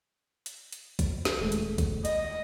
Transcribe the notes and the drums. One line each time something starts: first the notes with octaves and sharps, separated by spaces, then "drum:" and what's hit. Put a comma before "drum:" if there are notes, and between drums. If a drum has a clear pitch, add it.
drum: hi-hat
drum: hi-hat
drum: kick B1, hi-hat
drum: snare
D#1 G#3 A3
drum: hi-hat
drum: kick B1, hi-hat
D#5, drum: hi-hat